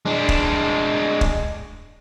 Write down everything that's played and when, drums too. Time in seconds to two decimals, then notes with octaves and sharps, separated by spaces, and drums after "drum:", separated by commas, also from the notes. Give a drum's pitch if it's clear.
0.05 G#3 D4
0.29 drum: kick
1.21 drum: kick